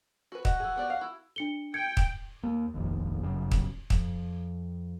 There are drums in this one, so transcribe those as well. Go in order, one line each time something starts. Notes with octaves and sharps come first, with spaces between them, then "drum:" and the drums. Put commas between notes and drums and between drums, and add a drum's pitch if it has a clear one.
F#4 B4
F#4 D#5, drum: kick
E3 G#4
B3 G4 D5
F5
E4
D4 C#7 G7
G5 G#6 C#7
drum: kick
D#2 A#3
F1 A#1 D#2
G1 F#2 C#3
drum: kick
F2, drum: kick